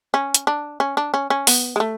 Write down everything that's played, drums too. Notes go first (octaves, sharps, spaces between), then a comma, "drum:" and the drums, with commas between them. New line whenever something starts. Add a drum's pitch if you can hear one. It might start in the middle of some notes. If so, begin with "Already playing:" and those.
C#4
drum: hi-hat
D4
C#4
D4
C#4
C#4
B3, drum: open hi-hat
G#3
A3